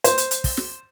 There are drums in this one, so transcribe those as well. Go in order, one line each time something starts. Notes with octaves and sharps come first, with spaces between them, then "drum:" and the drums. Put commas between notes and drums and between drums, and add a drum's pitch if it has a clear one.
C5, drum: hi-hat
drum: hi-hat
drum: hi-hat
drum: kick, open hi-hat
drum: snare